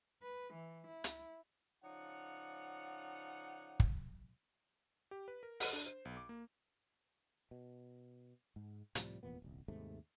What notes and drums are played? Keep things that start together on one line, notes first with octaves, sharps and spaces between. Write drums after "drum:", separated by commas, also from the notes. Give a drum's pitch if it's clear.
B4
E3
E4
drum: hi-hat
C#3 F3 D#4 C#5 D5 F#5
drum: kick
G4
B4
A#4
F#5, drum: open hi-hat
D4
C5
B1
D6
A#3
B2
G#2
A2 C3 F3 G3, drum: hi-hat
F1 E2 A#2 B3
D#1 C2
D#2 G#2 C3 A3